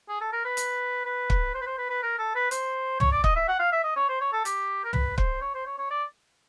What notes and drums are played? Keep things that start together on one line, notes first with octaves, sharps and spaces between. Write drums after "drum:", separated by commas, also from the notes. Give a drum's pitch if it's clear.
G#4
A4
A#4
B4
drum: hi-hat
B4
drum: kick
C5
B4
C5
B4
B4
A#4
A4
B4
C5, drum: hi-hat
C#5, drum: tom
D5
D#5, drum: kick
E5
F#5
F5
E5
D#5
C#5
C5
C#5
A4
G4, drum: hi-hat
A#4
B4, drum: tom
C5, drum: kick
C#5
C5
C#5
C#5
D5